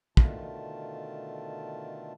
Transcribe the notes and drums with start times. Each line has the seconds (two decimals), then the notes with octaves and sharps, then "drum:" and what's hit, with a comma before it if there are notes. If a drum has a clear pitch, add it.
0.17 B2 D3 D#3 A3 F4 A5, drum: kick